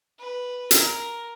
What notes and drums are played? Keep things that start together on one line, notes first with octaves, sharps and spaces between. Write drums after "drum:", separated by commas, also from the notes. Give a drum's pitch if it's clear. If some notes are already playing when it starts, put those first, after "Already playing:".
B4
A#4, drum: hi-hat